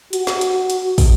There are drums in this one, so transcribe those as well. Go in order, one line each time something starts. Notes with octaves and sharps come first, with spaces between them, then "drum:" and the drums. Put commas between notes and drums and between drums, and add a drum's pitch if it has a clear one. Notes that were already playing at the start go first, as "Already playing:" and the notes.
F#4, drum: hi-hat
drum: snare
drum: hi-hat
drum: hi-hat
drum: kick, open hi-hat